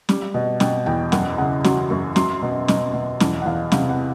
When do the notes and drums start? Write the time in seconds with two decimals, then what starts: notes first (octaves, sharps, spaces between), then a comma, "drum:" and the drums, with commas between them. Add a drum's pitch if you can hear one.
0.09 G3, drum: snare
0.34 B2
0.60 B2 G5, drum: snare
0.86 E2 G5
1.12 F#2 F#5, drum: snare
1.38 C#3 F#5
1.64 F#3 C6, drum: snare
1.90 F#2 C#6
2.16 F#3 C6, drum: snare
2.42 B2
2.68 B2, drum: snare
2.94 B2
3.20 E2 A5, drum: snare
3.42 F#5
3.45 E2 F5
3.72 C3 F5, drum: snare
3.89 F#5